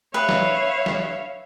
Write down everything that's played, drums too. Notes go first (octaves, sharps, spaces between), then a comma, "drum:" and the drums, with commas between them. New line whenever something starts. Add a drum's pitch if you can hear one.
B4 C#5 E5 F5
drum: snare F#3
drum: snare F#3